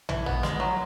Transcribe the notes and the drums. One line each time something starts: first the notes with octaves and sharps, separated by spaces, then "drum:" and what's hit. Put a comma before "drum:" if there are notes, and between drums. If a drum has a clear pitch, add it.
E3, drum: tom
B3
G#3, drum: snare
F#3